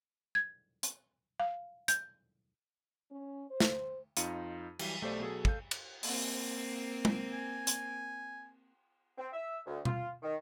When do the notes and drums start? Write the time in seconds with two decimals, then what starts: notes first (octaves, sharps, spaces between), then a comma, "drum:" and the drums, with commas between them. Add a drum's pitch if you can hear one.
0.35 G#6
0.83 drum: hi-hat
1.40 F5
1.88 G6, drum: hi-hat
3.11 C#4
3.50 C5
3.60 drum: snare
4.17 F2 D#4 F4 F5 C#7 D#7, drum: hi-hat
4.79 E3 F#3 G3, drum: cymbal
5.02 B1 A3 G4 A4 C5 D5
5.20 B2 F#3 G#4 A4
5.45 A4 F5 G6, drum: kick
5.71 drum: cymbal
6.03 A#3 C4, drum: open hi-hat
7.05 drum: tom G#3
7.33 G#5
7.67 drum: hi-hat
9.18 C4
9.32 E5
9.66 D2
9.85 F4, drum: tom B2
10.22 D#3